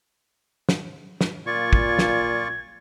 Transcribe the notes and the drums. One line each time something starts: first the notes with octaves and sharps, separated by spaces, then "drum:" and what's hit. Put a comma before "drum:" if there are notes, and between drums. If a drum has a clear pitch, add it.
drum: snare
drum: snare
A#2 F4 D5 C#6 G#6
drum: kick
drum: snare